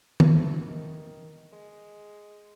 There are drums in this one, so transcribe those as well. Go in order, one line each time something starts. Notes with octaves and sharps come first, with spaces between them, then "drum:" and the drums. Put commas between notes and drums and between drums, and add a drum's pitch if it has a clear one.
A3, drum: tom
D#3
G#3